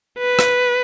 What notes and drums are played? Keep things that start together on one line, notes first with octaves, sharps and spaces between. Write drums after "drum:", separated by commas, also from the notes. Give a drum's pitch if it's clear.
B4
drum: rim click